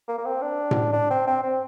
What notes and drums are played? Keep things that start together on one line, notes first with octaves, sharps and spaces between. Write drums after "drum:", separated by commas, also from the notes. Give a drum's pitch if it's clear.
A#3
A#3
C4
D4
drum: tom A2
D4
C4
C4
C4